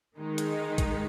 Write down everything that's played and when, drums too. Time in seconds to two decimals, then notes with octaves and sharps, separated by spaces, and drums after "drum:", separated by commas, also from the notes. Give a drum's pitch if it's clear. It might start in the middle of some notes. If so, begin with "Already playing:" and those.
0.18 D#3 G#3 D#4
0.38 drum: hi-hat
0.78 drum: kick A1, hi-hat